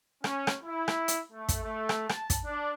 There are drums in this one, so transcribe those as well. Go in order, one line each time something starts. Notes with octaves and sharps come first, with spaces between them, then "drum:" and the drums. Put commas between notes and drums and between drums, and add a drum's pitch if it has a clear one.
C#4, drum: rim click
drum: rim click
E4
drum: rim click
drum: hi-hat
A3
drum: kick, hi-hat
A3
drum: rim click
A5, drum: rim click
drum: kick, hi-hat
D4